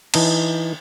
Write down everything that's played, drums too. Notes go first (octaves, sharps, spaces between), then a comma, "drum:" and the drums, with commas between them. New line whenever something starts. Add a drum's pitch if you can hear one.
E3 D#4 A5, drum: cymbal